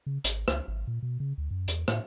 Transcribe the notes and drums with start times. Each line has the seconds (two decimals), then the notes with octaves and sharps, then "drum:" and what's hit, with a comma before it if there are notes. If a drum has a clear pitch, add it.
0.06 C#3
0.24 G#1, drum: hi-hat
0.48 C#2, drum: rim click
0.68 G#1
0.87 A#2
1.03 B2
1.20 C#3
1.38 D2
1.51 F#2
1.68 E2, drum: hi-hat
1.88 A2, drum: rim click